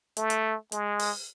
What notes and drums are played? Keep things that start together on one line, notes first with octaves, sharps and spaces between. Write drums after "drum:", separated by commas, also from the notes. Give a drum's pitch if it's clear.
A3, drum: hi-hat
drum: hi-hat
G#3, drum: hi-hat
drum: open hi-hat